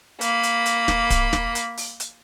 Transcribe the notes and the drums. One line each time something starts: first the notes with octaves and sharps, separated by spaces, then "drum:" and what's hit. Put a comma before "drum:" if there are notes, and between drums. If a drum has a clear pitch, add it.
A#3 B5, drum: hi-hat
drum: hi-hat
drum: hi-hat
drum: snare
drum: kick D1, hi-hat
drum: snare
drum: hi-hat
drum: open hi-hat
drum: hi-hat